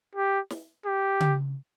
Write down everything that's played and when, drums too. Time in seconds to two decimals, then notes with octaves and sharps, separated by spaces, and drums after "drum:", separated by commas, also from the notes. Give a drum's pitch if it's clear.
0.15 G4
0.50 drum: snare
0.86 G4
1.20 drum: tom C#3